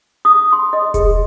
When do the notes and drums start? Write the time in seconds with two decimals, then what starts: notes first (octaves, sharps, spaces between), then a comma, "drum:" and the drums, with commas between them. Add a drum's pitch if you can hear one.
0.25 D#6
0.53 C6
0.73 D#5
0.94 G#4, drum: kick E1, hi-hat